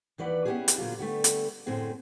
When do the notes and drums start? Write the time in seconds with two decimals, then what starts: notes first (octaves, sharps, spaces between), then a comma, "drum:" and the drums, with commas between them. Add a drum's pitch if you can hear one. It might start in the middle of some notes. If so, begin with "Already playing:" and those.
0.18 D#2 E3 B4 D5 F#5
0.45 B3 C#4 D#4 E4 G4 G#4
0.68 drum: hi-hat
0.78 A#2 D3 F#3 F4
0.99 D3 G3 A3 B3
1.24 drum: hi-hat
1.66 F#2 A2 D3 C4 G#4 G5